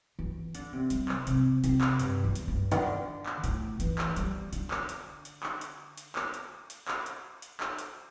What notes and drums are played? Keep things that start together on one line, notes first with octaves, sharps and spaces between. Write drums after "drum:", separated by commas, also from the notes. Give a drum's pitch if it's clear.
E3
D3, drum: hi-hat
C3
G3, drum: hi-hat
C3, drum: clap
C3, drum: hi-hat
C3, drum: hi-hat
drum: clap
G2, drum: hi-hat
E2
drum: hi-hat
G2
D3, drum: hi-hat
drum: clap
A2, drum: hi-hat
E3, drum: hi-hat
drum: clap
G3, drum: hi-hat
D3, drum: hi-hat
drum: clap
drum: hi-hat
drum: hi-hat
drum: clap
drum: hi-hat
drum: hi-hat
drum: clap
drum: hi-hat
drum: hi-hat
drum: clap
drum: hi-hat
drum: hi-hat
drum: clap
drum: hi-hat